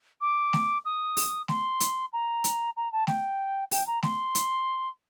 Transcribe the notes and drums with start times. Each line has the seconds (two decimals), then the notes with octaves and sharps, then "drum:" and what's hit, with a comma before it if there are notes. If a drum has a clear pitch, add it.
0.21 D6
0.53 drum: snare A3
0.85 D#6
1.17 drum: open hi-hat
1.48 C6, drum: snare A3
1.80 drum: hi-hat
2.13 A#5
2.44 drum: hi-hat
2.76 A#5
2.92 A5
3.07 G5, drum: snare A3
3.71 G5, drum: open hi-hat
3.87 A#5
4.03 C6, drum: snare A3
4.35 drum: hi-hat